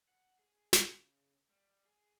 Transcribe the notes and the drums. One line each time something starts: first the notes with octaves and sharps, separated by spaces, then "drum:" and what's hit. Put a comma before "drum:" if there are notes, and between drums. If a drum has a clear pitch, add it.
F#5
G#4
C#3, drum: snare
G3
G#4